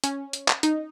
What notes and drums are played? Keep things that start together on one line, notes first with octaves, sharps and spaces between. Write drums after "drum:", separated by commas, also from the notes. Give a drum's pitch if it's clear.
C#4, drum: hi-hat
drum: hi-hat
drum: clap
D#4, drum: hi-hat